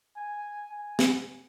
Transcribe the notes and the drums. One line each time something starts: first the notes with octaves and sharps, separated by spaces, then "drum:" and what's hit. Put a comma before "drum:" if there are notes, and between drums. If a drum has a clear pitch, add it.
G#5
G#5
drum: snare